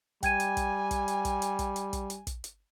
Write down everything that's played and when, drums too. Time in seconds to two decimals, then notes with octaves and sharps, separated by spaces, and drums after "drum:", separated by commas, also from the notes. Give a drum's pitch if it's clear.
0.23 G3 G5 G#5 G#6 D#7, drum: kick, hi-hat
0.40 drum: hi-hat
0.57 drum: kick, hi-hat
0.91 drum: kick, hi-hat
1.08 drum: hi-hat
1.25 drum: kick, hi-hat
1.42 drum: hi-hat
1.59 drum: kick, hi-hat
1.76 drum: hi-hat
1.93 drum: kick, hi-hat
2.10 drum: hi-hat
2.27 drum: kick, hi-hat
2.44 drum: hi-hat